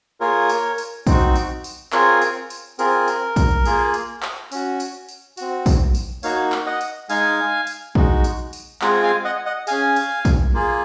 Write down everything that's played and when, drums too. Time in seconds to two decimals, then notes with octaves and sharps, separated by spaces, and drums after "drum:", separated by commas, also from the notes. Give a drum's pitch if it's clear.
0.20 A#3 F4 G#4 A#4 C#5
0.49 drum: tambourine
0.78 drum: tambourine
1.07 C4 D#4 F#4, drum: kick, tambourine
1.36 drum: tambourine
1.64 drum: tambourine
1.92 C4 F4 G#4 A#4 C#5, drum: clap
2.22 drum: tambourine
2.50 drum: tambourine
2.79 C4 F4 G#4 A#4, drum: tambourine
3.08 drum: tambourine
3.36 drum: kick, tambourine
3.65 A#3 F4 G#4, drum: tambourine
3.94 drum: tambourine
4.22 drum: clap
4.52 C#4 F#4, drum: tambourine
4.80 drum: tambourine
5.09 drum: tambourine
5.37 C4 F#4, drum: tambourine
5.66 drum: kick, tambourine
5.95 drum: tambourine
6.23 A#3 D#4 F#4 C#5 F5, drum: tambourine
6.52 drum: clap
6.66 D#5 F#5
6.81 drum: tambourine
7.09 G#3 D#4 G#4 F5 G#5, drum: tambourine
7.67 drum: tambourine
7.95 G#3 D#4 F#4, drum: kick
8.24 drum: tambourine
8.53 drum: tambourine
8.81 G#3 C4 F4 G#4 F#5 A#5, drum: clap
9.03 F5 G#5
9.24 D#5 F#5
9.46 D#5 F#5
9.67 C#4 G#4 F5 G#5, drum: tambourine
9.96 drum: tambourine
10.25 drum: kick, tambourine
10.54 A#3 F4 G#4